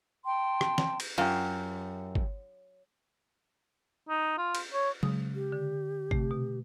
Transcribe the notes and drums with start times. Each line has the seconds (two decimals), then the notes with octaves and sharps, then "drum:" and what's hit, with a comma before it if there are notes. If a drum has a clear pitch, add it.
0.25 G5 A5 C6
0.61 drum: rim click
0.78 drum: snare
1.00 drum: cymbal
1.18 F#2 F4 G4
2.15 drum: kick G1
4.09 D#4
4.38 F4
4.55 drum: cymbal
4.73 C#5
5.03 C#3 G#3 D#6, drum: tom F#3
5.35 G4
5.52 D3
6.11 C3 A3, drum: kick G1
6.31 B2